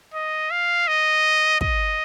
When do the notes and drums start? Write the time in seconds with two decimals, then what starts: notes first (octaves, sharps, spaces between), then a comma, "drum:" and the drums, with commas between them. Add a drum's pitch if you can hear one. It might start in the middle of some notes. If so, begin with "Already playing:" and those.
0.14 D#5
0.51 F5
0.88 D#5
1.61 D#5, drum: kick